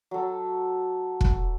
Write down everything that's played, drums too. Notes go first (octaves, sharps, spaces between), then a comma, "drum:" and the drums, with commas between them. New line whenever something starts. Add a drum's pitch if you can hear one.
F#3 A4
drum: kick